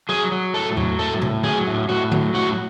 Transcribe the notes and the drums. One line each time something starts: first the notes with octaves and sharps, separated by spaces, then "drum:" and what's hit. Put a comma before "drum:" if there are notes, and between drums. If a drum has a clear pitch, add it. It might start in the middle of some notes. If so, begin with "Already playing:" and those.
F#3 G#4
F#3
A2 A4
F#3, drum: tom E2
A2 A4
A2, drum: tom
F#3 G#4, drum: tom D3
A2
A2 F#4
F#3, drum: tom D3
A2 F#4